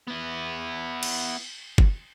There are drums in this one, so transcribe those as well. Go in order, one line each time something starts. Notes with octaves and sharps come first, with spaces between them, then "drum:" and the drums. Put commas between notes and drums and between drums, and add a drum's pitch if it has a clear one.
B3 E4
drum: cymbal
drum: kick G1